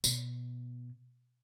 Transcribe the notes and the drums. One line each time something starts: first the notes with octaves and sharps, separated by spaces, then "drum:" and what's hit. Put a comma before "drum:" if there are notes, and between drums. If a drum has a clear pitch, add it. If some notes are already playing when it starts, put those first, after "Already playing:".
B2, drum: tambourine